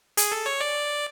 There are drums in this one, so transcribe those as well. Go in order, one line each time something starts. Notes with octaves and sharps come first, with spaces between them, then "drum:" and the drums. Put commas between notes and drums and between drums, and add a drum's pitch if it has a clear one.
G#4, drum: hi-hat
A4
C#5
D5